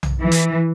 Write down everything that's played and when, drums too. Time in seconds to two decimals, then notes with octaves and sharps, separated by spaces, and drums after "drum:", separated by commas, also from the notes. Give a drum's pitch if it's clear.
0.03 drum: tom B1
0.22 E3
0.32 drum: hi-hat